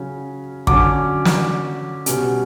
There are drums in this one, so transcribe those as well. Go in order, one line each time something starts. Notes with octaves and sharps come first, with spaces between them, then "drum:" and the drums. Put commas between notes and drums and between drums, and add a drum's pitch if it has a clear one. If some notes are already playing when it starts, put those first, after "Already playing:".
Already playing: C#3 F#3 C#4
D3 F#3 C#4 D6, drum: kick
drum: snare
B2 G3 C#4, drum: hi-hat